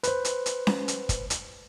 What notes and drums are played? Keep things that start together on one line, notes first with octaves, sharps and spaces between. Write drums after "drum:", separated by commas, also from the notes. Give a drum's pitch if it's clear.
B4 C5, drum: hi-hat
drum: hi-hat
drum: hi-hat
drum: snare C#4
drum: hi-hat
drum: kick, hi-hat
drum: hi-hat